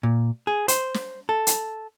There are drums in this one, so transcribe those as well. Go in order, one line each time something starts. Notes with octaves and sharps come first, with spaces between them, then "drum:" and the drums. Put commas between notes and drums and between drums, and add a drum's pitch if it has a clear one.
A#2
G#4
C5, drum: hi-hat
drum: snare
A4
drum: hi-hat